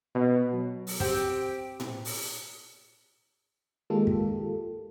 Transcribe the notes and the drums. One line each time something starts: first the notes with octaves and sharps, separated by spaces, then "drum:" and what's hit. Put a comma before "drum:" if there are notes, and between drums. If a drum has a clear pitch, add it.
B2
F#3
drum: open hi-hat
C4 G4, drum: kick
drum: tom A2
drum: open hi-hat
D#3 G#3 A#3 F4 G4 A4
drum: kick